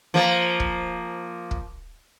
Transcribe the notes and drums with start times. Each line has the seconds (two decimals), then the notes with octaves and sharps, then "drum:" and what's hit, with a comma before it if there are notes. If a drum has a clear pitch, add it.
0.14 F3 A#3
0.60 drum: kick
1.51 drum: kick